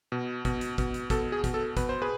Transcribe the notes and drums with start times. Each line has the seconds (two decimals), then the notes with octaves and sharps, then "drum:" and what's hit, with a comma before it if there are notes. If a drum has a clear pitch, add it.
0.12 B2
0.45 B2, drum: kick, hi-hat
0.61 drum: hi-hat
0.78 B2, drum: kick, hi-hat
0.94 drum: hi-hat
1.10 B2 A4, drum: kick, hi-hat
1.32 G#4
1.44 B2, drum: kick, hi-hat
1.54 A4
1.77 B2 B4, drum: kick, hi-hat
1.89 C5
2.02 G#4 B4